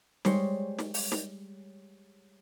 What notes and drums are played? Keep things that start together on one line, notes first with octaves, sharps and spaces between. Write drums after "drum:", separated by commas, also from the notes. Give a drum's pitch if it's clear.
G3 G#3 C5 C#5, drum: snare
drum: snare
drum: open hi-hat
drum: snare